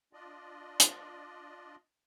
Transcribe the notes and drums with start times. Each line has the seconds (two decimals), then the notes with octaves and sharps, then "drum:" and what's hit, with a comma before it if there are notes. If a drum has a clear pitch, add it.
0.13 D4 F4 D5 D#5
0.80 drum: hi-hat